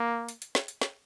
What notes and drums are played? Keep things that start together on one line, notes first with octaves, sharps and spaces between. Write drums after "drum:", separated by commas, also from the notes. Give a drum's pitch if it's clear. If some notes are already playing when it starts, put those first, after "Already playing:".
Already playing: A#3
drum: hi-hat
drum: hi-hat
drum: snare
drum: hi-hat
drum: snare